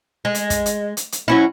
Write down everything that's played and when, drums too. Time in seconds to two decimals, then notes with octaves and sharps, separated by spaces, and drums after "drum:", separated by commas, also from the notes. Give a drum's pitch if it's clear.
0.25 G#3
0.35 drum: hi-hat
0.50 drum: kick, hi-hat
0.66 drum: hi-hat
0.97 drum: hi-hat
1.12 drum: hi-hat
1.28 F#3 C#4 E4